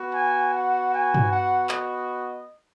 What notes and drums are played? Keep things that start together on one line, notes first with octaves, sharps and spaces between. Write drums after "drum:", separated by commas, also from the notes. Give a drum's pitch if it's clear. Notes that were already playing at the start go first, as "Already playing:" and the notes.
Already playing: B3 F#4
G#5
F#5
G#5
drum: tom
F#5
D#5, drum: clap